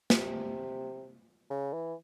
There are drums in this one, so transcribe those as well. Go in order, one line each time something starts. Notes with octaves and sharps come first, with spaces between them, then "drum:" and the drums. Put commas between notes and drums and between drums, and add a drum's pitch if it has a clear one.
C3, drum: snare
C#3
E3